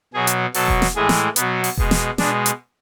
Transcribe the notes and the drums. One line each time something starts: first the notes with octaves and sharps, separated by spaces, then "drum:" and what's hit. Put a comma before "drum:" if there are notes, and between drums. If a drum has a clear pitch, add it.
B2 F#3 G#4
drum: hi-hat
B2 F#3 A4, drum: open hi-hat
drum: kick E1
drum: snare
A2 E3 G#3 G#4
drum: snare
B2 F#3 B3, drum: hi-hat
drum: open hi-hat
B2 G#3, drum: kick E1
drum: snare
B2 G#3 D4, drum: snare
drum: hi-hat